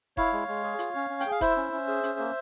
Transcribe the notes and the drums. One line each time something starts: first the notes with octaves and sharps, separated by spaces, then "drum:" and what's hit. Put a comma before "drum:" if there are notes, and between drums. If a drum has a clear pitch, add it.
E4 C#5 F5, drum: kick E1
G#3
G#3
G#4
F4, drum: hi-hat
C#4
C#4
G5, drum: hi-hat
G#4
F5
E4 C5 E5, drum: kick E1, hi-hat
C#4
C#4
G#4
C#4, drum: hi-hat
A#3